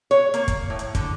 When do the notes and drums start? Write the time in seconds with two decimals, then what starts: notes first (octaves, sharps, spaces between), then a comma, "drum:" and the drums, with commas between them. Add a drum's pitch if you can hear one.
0.11 C#5
0.34 A#3, drum: hi-hat
0.48 drum: kick, hi-hat
0.70 A2
0.79 drum: hi-hat
0.95 D3, drum: kick, hi-hat